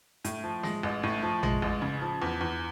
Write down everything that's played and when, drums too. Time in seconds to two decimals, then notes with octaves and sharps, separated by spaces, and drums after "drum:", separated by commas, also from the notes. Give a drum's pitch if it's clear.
0.25 A2, drum: hi-hat
0.44 F3
0.63 G#3, drum: snare
0.83 A1
1.03 A2
1.23 F3
1.43 G#3, drum: tom A1
1.62 A1
1.82 C#3
2.02 F3
2.22 E2
2.41 E2